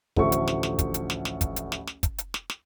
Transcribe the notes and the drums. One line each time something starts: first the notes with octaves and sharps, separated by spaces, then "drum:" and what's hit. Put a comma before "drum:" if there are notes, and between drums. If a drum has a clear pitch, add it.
A1 D2 F3 A4 E5 C#6, drum: kick
drum: hi-hat
drum: snare
drum: snare
drum: kick, hi-hat
drum: hi-hat
drum: snare
drum: snare
drum: kick, hi-hat
drum: hi-hat
drum: snare
drum: snare
drum: kick, hi-hat
drum: hi-hat
drum: snare
drum: snare